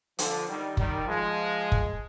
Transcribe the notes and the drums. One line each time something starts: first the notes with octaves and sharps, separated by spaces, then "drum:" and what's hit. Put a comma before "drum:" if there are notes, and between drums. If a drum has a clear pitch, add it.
D3 F3, drum: hi-hat
D#3 G3
D#3 G3, drum: kick
F3 G#3
drum: kick